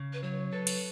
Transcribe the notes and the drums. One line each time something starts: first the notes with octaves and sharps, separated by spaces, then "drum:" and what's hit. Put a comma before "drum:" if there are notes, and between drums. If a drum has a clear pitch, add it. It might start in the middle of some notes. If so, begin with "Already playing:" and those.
Already playing: C#3
B4
F#3 C#5
A4 B4
drum: cymbal